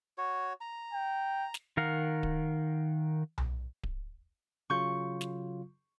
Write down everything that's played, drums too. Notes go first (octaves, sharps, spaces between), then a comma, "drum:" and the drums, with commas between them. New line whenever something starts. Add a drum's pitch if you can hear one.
F#4 C#5
A#5
G5
drum: snare
D#3 A#4 F5 F#5
drum: kick D1
drum: tom B1
drum: kick D1
C#3 F#3 F4 C#6 G6
drum: snare